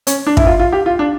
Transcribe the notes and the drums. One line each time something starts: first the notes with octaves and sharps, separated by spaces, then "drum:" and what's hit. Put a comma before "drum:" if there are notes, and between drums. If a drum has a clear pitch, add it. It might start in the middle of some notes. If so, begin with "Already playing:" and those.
C#4, drum: hi-hat
D4
E4, drum: kick
F4
F4
G4
F4
D4